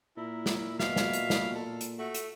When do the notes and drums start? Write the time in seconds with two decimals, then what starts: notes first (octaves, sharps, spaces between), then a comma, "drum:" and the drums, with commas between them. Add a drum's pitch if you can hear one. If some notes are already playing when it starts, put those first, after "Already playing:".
0.17 A#2 E4 A#4
0.46 drum: snare
0.80 B2 E5 F5, drum: snare
0.96 drum: snare
1.13 drum: hi-hat
1.30 drum: snare
1.56 A4
1.81 drum: hi-hat
1.99 A3 F#4
2.14 drum: hi-hat